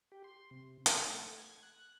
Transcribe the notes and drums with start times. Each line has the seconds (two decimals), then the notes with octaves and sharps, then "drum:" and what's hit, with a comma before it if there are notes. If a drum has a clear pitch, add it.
0.12 G4
0.24 C6
0.51 C3
0.86 B4, drum: hi-hat
1.08 A3
1.38 G#6
1.63 F#6